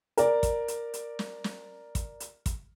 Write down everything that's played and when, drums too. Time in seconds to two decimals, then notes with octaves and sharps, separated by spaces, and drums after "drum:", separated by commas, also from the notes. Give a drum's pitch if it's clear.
0.17 A#4 D5, drum: hi-hat
0.43 drum: kick, hi-hat
0.68 drum: hi-hat
0.94 drum: hi-hat
1.19 drum: snare
1.44 drum: snare
1.95 drum: kick, hi-hat
2.20 drum: hi-hat
2.46 drum: kick, hi-hat